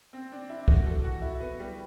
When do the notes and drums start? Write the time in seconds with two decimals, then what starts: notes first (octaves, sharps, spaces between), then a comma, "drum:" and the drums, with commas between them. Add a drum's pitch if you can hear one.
0.13 C4
0.32 D4
0.50 E4
0.68 F#4, drum: kick
0.86 A4
1.04 F#4
1.22 E4
1.40 B3
1.59 G3